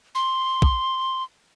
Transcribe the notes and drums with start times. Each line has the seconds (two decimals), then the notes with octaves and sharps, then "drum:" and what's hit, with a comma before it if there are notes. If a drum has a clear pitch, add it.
0.15 C6
0.62 drum: kick